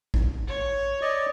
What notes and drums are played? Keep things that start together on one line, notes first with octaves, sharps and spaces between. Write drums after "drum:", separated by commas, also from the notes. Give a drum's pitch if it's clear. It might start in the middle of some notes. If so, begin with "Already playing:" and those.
drum: kick A1
C#5
D5 D#5